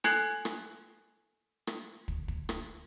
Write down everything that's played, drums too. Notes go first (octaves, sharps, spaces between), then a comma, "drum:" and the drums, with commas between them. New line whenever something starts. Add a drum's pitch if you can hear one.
A4 G#5 F#6 G#6 C7 F#7, drum: rim click
drum: rim click
drum: rim click
drum: kick
drum: kick
drum: rim click